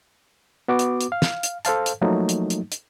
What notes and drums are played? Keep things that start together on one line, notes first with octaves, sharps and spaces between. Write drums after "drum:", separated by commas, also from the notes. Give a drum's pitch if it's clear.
B3 F#4 D6
drum: hi-hat
drum: hi-hat
F5
drum: snare
drum: hi-hat
A4 C5 F5 A5, drum: hi-hat
drum: hi-hat
F3 F#3 A3 A#3 D#4
drum: hi-hat
drum: hi-hat
drum: hi-hat